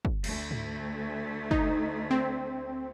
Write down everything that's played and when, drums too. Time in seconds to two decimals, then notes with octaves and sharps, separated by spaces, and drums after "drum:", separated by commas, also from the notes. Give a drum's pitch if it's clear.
0.05 drum: kick
0.24 D2 A3, drum: cymbal
0.51 drum: tom G#2
1.51 D#4, drum: kick
2.11 C4